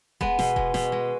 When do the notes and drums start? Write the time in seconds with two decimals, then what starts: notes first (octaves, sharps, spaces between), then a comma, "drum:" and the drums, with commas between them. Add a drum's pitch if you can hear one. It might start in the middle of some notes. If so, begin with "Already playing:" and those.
0.21 G#3 B3, drum: kick D#1
0.39 B2, drum: snare
0.56 G#3, drum: kick D#1
0.74 B2, drum: snare
0.92 G#3